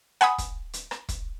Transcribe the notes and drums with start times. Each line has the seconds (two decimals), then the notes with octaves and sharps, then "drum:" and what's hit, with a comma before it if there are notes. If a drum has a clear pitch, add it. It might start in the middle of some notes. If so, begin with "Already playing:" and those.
0.21 F#5 G#5 B5 D#6, drum: rim click
0.38 drum: kick, hi-hat
0.73 drum: hi-hat
0.91 drum: rim click
1.09 drum: kick, hi-hat